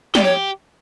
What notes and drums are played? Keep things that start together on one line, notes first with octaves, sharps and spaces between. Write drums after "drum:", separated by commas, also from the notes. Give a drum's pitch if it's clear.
G4 D5, drum: snare
C#5